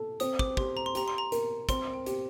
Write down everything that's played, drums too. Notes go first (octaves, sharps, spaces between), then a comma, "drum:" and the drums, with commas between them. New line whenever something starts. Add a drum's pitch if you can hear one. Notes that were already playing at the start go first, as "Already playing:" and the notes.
Already playing: A4
C4 D#6, drum: hi-hat
D6, drum: kick
G4 C6, drum: kick
A#5
C6
G4 A#5, drum: hi-hat
C6
A#5
A#4, drum: hi-hat
C4 C6, drum: kick, hi-hat
G5
G4, drum: hi-hat